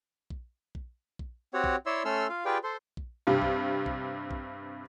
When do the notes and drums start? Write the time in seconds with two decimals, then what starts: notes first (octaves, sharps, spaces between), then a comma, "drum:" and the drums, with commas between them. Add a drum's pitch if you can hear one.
0.30 drum: kick A#1
0.75 drum: kick A#1
1.19 drum: kick A#1
1.54 C4 F#4 G4 C#5 F#5
1.64 drum: kick A#1
1.86 E4 C#5 D5 E5 C6 E6
2.05 A3 C#4 A4 C6 E6 F6
2.29 F4 F5
2.45 F4 G4 G#4 B4 D5 G5
2.64 A4 C5 C6
2.97 drum: kick A#1
3.27 G2 C3
3.42 drum: kick A#1
3.86 drum: kick A#1
4.31 drum: kick A#1